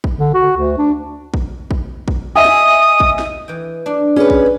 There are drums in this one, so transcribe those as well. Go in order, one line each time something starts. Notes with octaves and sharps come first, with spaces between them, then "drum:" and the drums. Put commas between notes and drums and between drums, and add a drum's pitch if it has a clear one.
drum: kick
D3
F#4
D2
D4
drum: kick
drum: kick
drum: kick
D#5 E5 G#5 D#6
drum: snare
drum: kick
drum: snare
E3 G5
D4
C#4 G#4 B4 C#5
drum: kick